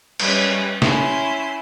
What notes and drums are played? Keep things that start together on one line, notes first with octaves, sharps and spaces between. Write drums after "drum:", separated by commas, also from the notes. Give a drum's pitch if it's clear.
G3 G#3 C#4 B4, drum: cymbal
C#4 E4 C6, drum: snare